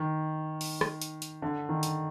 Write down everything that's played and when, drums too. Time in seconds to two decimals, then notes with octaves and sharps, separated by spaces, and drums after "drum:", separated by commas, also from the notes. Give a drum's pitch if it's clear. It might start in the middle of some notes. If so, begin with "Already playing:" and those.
Already playing: D#3
0.61 drum: open hi-hat
0.81 drum: rim click
1.02 drum: hi-hat
1.22 drum: hi-hat
1.42 D3
1.69 D#3
1.83 drum: hi-hat